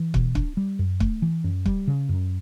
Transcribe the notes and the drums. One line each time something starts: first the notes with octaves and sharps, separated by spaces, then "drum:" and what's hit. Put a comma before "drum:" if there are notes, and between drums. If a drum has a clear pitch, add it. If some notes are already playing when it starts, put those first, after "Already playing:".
Already playing: E3
B2, drum: kick
D4, drum: kick
G3
F#2
A3, drum: kick
E3
F#2
G3, drum: kick
C#3
F#2